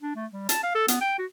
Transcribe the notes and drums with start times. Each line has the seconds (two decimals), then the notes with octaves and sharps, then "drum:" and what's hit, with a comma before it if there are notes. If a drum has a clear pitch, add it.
0.02 D4
0.16 A3
0.32 G3
0.49 A5, drum: hi-hat
0.63 F5
0.75 A4
0.88 B3, drum: hi-hat
1.01 G5
1.18 F#4